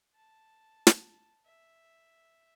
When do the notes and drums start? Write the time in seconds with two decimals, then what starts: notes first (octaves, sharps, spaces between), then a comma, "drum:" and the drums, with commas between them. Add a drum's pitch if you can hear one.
0.15 A5
0.87 drum: snare
1.46 E5